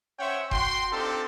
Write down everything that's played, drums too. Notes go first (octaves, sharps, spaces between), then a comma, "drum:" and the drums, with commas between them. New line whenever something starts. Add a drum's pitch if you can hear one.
C#4 C5 C#5 E5 F#5 G5
F#4 G5 C6, drum: kick E1
C4 D4 D#4 F4 G4 A4